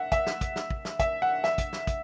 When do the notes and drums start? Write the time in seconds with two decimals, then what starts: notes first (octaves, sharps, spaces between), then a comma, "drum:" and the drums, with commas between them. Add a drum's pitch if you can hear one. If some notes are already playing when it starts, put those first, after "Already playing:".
Already playing: E5 F#5
0.12 E5, drum: kick, hi-hat
0.27 drum: snare
0.41 drum: kick, hi-hat
0.56 drum: snare
0.70 drum: kick
0.85 drum: snare
1.00 E5, drum: kick, hi-hat
1.22 F#5
1.44 E5, drum: snare
1.58 drum: kick, hi-hat
1.73 drum: snare
1.87 drum: kick, hi-hat